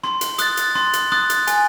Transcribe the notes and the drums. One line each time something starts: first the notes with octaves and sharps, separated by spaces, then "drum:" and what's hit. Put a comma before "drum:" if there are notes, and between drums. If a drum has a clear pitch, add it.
C6, drum: rim click
drum: hi-hat
D#6 F#6 A6, drum: hi-hat
drum: hi-hat
C6, drum: rim click
drum: hi-hat
D#6 F#6 A6, drum: rim click
drum: hi-hat
G#5, drum: hi-hat